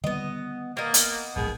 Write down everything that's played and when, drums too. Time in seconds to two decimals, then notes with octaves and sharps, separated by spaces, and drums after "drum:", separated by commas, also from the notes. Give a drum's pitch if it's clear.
0.04 D3 D#3 G3 B3 D#5
0.77 A#3 B3 D#5
0.94 drum: hi-hat
1.36 D1 A#1 G#2 B2 D#3 G#4